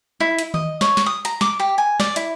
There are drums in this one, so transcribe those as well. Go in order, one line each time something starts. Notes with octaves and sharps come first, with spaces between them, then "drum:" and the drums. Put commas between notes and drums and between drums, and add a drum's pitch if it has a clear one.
E4
drum: hi-hat
D#5, drum: tom D#3
C#5, drum: snare
drum: snare
D#6
A#5, drum: hi-hat
D6, drum: snare
G4
G#5
D5, drum: snare
E4, drum: hi-hat